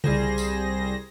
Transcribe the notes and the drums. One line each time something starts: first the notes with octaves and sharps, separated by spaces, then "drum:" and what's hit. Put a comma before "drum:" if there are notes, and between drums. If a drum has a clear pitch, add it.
C2 G3 G#4 C5 A#6, drum: tom C#3
drum: tambourine